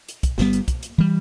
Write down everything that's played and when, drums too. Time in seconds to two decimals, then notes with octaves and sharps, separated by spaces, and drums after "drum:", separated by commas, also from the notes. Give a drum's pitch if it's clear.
0.08 drum: hi-hat
0.23 drum: kick, hi-hat
0.38 G1 G2 G3 B3, drum: snare
0.53 drum: hi-hat
0.68 drum: kick, hi-hat
0.83 drum: hi-hat
0.98 E3 G3